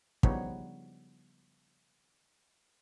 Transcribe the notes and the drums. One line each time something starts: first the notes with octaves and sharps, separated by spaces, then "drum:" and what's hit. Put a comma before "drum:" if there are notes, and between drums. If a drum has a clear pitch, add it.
C#3 F3 G3 B3 D#4 C#5, drum: kick